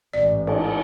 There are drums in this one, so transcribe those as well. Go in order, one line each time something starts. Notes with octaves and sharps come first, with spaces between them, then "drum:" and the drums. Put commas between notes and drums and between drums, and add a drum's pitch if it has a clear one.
A1 G#2 D5
drum: cymbal